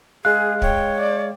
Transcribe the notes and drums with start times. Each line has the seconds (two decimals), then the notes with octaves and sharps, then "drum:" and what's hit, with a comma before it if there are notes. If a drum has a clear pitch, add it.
0.25 G#3 G#4 F5 F#6
0.62 C#5 G5, drum: kick
1.00 D5